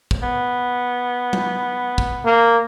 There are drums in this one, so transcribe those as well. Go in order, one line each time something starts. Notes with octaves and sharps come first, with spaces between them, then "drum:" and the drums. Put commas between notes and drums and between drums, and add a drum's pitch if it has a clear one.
drum: kick
B3
drum: tom F#3
drum: kick
A#3